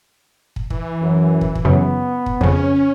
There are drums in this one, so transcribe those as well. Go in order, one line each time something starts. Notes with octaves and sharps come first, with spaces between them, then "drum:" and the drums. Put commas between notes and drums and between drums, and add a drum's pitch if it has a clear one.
drum: kick
E3, drum: kick
F#2
drum: kick
drum: kick
F#2 C#3 B3
drum: kick
F2 C#3 C#4, drum: kick